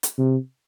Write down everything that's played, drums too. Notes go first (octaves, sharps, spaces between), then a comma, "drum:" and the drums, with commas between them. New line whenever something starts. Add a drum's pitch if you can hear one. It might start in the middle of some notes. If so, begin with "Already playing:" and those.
drum: hi-hat
C3